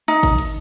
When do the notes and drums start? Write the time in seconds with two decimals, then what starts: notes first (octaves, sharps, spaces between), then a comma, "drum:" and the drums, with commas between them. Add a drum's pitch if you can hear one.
0.08 D#4
0.23 drum: kick G#1, cymbal
0.38 drum: cymbal